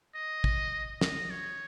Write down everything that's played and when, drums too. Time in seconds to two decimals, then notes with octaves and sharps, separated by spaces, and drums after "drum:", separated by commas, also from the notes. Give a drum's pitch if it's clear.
0.15 D#5
0.44 drum: kick
1.01 D#5, drum: snare
1.30 C#5